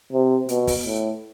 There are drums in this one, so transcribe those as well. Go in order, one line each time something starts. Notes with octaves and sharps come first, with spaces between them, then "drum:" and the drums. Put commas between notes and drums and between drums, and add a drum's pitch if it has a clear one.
C3
B2, drum: hi-hat
drum: kick, open hi-hat
A2